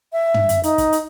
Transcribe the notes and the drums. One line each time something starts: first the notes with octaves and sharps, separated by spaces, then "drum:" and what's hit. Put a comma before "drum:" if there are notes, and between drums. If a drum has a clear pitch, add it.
E5
drum: tom
drum: hi-hat
D#4, drum: hi-hat
drum: kick, hi-hat
drum: hi-hat